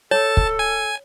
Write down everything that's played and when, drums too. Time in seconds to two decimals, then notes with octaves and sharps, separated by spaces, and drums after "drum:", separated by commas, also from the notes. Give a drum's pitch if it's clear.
0.11 A4 C#5 A5
0.37 drum: kick
0.59 G#5